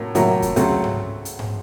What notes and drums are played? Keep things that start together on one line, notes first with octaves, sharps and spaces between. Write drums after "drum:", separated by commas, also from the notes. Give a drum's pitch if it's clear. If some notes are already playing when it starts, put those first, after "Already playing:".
Already playing: A2 F#3 A#3
A2 F#3 A#3, drum: hi-hat
drum: kick F2, hi-hat
C#2 C#3 F#3 A3 C4, drum: hi-hat
drum: tom G#2
drum: hi-hat
drum: tom G#2